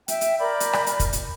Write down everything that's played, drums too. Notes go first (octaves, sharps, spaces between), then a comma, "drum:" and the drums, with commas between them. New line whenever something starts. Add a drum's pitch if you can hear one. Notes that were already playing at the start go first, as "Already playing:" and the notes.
E5 G5, drum: hi-hat
drum: hi-hat
A#4 D5 B5 G6
drum: hi-hat
drum: rim click
drum: hi-hat
drum: kick, hi-hat
drum: hi-hat